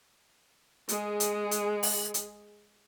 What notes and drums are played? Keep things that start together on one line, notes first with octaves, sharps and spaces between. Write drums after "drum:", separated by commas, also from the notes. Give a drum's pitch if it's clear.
G#3 G#4, drum: hi-hat
drum: hi-hat
drum: hi-hat
drum: open hi-hat
drum: hi-hat